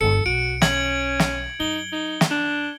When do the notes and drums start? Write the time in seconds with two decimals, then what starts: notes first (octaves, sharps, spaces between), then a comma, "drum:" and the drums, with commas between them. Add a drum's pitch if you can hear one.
0.01 G1 E4 A4 C#7
0.26 B1 F#4 D7
0.62 C#4 G#6 F#7, drum: snare
1.20 drum: snare
1.60 F#2 D#4 G7
1.93 D#4
2.21 drum: snare
2.31 D4